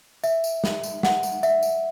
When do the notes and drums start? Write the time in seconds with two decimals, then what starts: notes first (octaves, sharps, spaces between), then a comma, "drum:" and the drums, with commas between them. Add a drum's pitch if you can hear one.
0.24 E5, drum: tambourine
0.44 drum: tambourine
0.64 drum: snare
0.83 drum: tambourine
1.03 F#5, drum: snare
1.23 drum: tambourine
1.43 E5, drum: tambourine
1.63 drum: tambourine